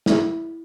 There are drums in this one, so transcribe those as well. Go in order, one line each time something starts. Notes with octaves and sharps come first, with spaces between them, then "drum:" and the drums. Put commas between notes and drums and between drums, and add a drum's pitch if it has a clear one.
E4, drum: snare